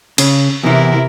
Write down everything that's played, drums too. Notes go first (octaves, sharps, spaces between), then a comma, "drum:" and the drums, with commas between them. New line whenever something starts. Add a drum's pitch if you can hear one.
C#3, drum: cymbal
E2 C3 E3 E4 A#4